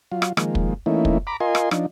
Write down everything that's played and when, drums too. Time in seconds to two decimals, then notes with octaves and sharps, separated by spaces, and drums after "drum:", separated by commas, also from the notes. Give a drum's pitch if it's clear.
0.12 F#3 F4
0.22 drum: rim click
0.37 D#3 F3 G#3 A#3, drum: rim click
0.55 drum: kick
0.86 E3 A3 A#3 C#4 D#4 E4
1.05 drum: kick
1.27 A#5 B5 D6
1.40 F4 A#4 D#5 G#5 C6
1.55 drum: rim click
1.71 F3 D4 D#4, drum: rim click